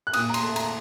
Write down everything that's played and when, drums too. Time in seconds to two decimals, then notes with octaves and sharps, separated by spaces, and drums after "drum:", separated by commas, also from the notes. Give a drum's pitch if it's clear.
0.07 F#6
0.13 A#2 D#6, drum: cymbal
0.30 A#5
0.34 C6, drum: cymbal
0.42 A3
0.56 A#5, drum: cymbal